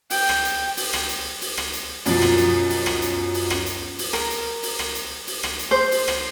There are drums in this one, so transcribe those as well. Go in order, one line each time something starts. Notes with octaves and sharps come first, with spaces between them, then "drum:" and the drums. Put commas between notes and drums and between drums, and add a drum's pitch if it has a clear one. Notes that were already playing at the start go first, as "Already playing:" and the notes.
G5, drum: open hi-hat
drum: rim click
drum: hi-hat
drum: open hi-hat
drum: rim click
drum: hi-hat
drum: open hi-hat
drum: rim click
drum: hi-hat
F#2 B2 F3, drum: open hi-hat
drum: rim click
drum: hi-hat
drum: open hi-hat
drum: rim click
drum: hi-hat
drum: open hi-hat
drum: rim click
drum: hi-hat
drum: open hi-hat
A#4, drum: rim click
drum: hi-hat
drum: open hi-hat
drum: rim click
drum: hi-hat
drum: open hi-hat
drum: rim click
drum: hi-hat
C5
drum: open hi-hat
drum: rim click